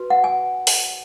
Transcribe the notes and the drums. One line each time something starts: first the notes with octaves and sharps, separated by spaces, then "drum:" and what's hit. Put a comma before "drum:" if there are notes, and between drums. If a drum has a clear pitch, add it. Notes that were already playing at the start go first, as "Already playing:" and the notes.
Already playing: F#4 B4
F#5
G#5
drum: open hi-hat